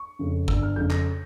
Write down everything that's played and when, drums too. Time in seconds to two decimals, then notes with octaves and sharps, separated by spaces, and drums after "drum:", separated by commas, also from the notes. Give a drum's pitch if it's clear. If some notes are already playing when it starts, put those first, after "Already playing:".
Already playing: C#6
0.19 F2 C#3
0.48 G1 E6, drum: kick G#1
0.63 F6
0.76 F2 C#3 G6
0.91 A#6, drum: clap